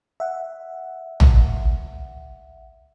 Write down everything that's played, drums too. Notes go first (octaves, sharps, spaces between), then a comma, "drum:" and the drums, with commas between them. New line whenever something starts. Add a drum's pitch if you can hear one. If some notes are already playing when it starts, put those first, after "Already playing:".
E5 F#5
drum: tom A#1